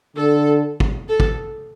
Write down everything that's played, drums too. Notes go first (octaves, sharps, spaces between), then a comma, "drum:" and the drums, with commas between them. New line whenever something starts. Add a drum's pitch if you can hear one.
D3 A4
drum: kick
A4
drum: kick